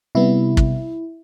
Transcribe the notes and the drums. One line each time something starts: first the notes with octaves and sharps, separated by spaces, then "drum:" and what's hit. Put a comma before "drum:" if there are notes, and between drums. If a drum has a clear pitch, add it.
C3 G3 B3 E4
drum: kick